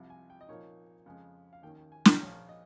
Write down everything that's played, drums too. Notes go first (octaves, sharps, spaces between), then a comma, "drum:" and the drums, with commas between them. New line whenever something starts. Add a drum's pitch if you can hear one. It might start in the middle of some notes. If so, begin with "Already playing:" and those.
Already playing: C2 C3 F3
G#5
G5
D#5
A#2 F3 A#3 D#4 C#5
F2 C#3 G#3
F5
D#2 D#3 A#3 C#4 G5
G5
G#5
G5, drum: snare
A#1 A#2 F3 C#5
D#5